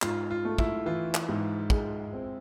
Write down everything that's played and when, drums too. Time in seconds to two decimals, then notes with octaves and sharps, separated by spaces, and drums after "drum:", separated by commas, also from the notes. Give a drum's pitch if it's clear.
0.02 G#2 F4, drum: clap
0.31 F4
0.45 A3
0.58 E4, drum: kick
0.86 E3 F4
1.14 drum: clap
1.28 G#2
1.70 G#3, drum: kick
2.13 C4